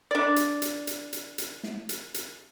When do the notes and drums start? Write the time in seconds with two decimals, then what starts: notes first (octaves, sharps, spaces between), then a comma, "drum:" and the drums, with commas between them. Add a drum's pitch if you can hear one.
0.11 D4 D5
0.36 drum: hi-hat
0.62 drum: hi-hat
0.87 drum: hi-hat
1.13 drum: hi-hat
1.38 drum: hi-hat
1.63 drum: snare
1.89 drum: hi-hat
2.14 drum: hi-hat